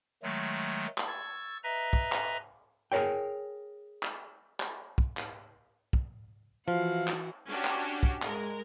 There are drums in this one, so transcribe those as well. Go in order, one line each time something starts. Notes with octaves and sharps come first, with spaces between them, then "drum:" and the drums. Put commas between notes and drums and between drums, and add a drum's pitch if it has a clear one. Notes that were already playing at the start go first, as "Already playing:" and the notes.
D#3 F#3 G#3 A3
drum: clap
C#6 E6 G#6 A6
B4 D#5 E5 A#5
drum: kick
drum: clap
G#4 A#4 C5 C#5 G5
drum: clap
drum: clap
drum: kick
drum: clap
drum: kick
E3 F3 F#4 F5
drum: clap
C#4 D4 F#4 G4
drum: clap
drum: kick
G#3 A#4, drum: clap